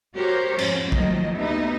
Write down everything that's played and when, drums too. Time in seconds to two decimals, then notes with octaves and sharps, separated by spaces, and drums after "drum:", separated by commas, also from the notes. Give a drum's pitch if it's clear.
0.15 F#4 G4 A#4 C5 C#5
0.58 F2 G#2 C#4, drum: cymbal
0.92 A2 D#3 F3 F#3 A#3 D#5, drum: kick
1.36 D2 A#3 B3 D#4 G4 E5